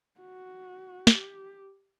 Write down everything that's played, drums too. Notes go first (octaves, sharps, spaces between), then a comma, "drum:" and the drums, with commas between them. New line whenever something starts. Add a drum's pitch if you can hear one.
F#4
G4, drum: snare